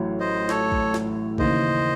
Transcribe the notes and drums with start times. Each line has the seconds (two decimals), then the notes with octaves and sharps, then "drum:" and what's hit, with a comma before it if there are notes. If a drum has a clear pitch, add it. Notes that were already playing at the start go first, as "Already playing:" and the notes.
Already playing: A1 A2 F#3
0.20 C5 D#5
0.49 A4 C#5, drum: snare
0.72 drum: kick A1
0.94 drum: snare
1.38 D#2 C#3 E3 C5 D#5, drum: kick A1